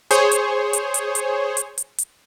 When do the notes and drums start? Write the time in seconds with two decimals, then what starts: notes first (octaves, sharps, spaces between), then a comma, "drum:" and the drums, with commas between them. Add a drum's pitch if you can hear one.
0.11 G#4 C5 C#5, drum: hi-hat
0.31 drum: hi-hat
0.73 drum: hi-hat
0.94 drum: hi-hat
1.15 drum: hi-hat
1.57 drum: hi-hat
1.78 drum: hi-hat
1.98 drum: hi-hat